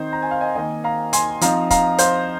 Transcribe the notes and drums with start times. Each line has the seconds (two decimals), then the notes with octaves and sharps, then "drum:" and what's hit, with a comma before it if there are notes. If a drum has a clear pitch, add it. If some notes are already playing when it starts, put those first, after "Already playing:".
Already playing: D#3 C4 D#4 C5
0.13 A#5
0.22 G#5
0.31 F5
0.41 D#5 G#5
0.55 D#3 A#3 D#4 D#5 G#5
0.84 F5 A#5
1.13 G#5 C6, drum: hi-hat
1.41 F3 C4 D#4 F5 A#5, drum: hi-hat
1.70 F5 A#5, drum: kick, hi-hat
1.98 C5 F5, drum: hi-hat